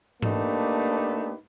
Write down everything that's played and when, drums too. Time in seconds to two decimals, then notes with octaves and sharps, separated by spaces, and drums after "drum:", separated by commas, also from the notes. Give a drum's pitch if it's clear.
0.23 A3 A#3 D4 D#4 G4 B4, drum: tom G#2